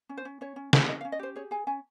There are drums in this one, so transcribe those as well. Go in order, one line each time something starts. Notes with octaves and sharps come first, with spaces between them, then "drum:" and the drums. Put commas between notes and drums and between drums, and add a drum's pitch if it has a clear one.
C#4
C5
C#4
C#4 C#5
C#4
C#4, drum: snare
C#4 D#5
F5
C#4
D#5
G4 C5
G#4 C#5
G#4 G#5
C#4 G#5